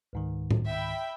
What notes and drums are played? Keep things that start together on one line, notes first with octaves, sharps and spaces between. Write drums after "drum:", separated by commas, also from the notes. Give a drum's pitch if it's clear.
C#2 G#2 D#3
drum: tom A2
E5 G5 B5